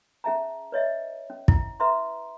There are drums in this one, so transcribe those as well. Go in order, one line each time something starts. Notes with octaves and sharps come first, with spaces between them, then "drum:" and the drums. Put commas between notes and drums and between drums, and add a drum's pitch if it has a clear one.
C#4 G#4 E5 A5 A#5
B4 C#5 D#5 E5
C#4
E4, drum: kick
B4 E5 A#5 C6